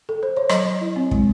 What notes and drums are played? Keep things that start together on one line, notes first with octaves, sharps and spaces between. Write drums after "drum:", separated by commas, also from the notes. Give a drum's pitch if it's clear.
A4
C5
C#5
F#3 D#5, drum: rim click
F#3
E4
C4
G#3, drum: kick